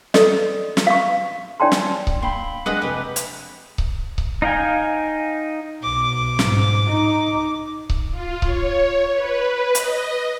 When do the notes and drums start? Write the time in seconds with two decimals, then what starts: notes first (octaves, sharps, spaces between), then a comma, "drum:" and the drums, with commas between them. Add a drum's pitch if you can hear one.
0.14 A4 D5 D#5, drum: snare
0.77 drum: snare
0.87 F5 C#6
1.60 D4 C#5 D5 G5 A5 C6
1.72 drum: snare
2.07 drum: kick C#1
2.22 A#3 G5 B5 C6
2.66 G#3 D4 B4 D#5 F#5 C#7
2.82 F1 G4 B4
3.16 drum: hi-hat
3.78 drum: kick C#1
4.18 drum: kick C#1
4.42 D#4 F5 G5 G#5
5.83 B1 D6
6.39 G#2, drum: snare
6.89 D#4
7.90 drum: kick C#1
8.10 F4
8.42 C#5, drum: kick C#1
9.13 B4
9.75 D#5, drum: hi-hat